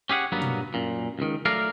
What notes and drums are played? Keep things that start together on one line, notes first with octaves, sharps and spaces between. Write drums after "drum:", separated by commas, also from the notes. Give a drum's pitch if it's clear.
C#4 G4 G#4 F5 F#5
G2 F#3 A#3 B3
drum: tom
F#2 A#2
C#2 D#3
F#3 A3 A4 A#4 D5 F5